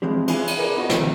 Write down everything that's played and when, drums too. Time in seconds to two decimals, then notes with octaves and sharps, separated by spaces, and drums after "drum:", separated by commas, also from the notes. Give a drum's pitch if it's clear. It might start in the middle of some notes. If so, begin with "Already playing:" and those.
0.02 E3 F3 G#3 C4 G4
0.28 D4 E4 F4 G#4 F5 G#5, drum: cymbal
0.47 drum: cymbal
0.58 G#4 A#4 B4 D5
0.76 B3 D4 D#4 F4 F#4 A#4
0.89 C3 D#3 F3, drum: snare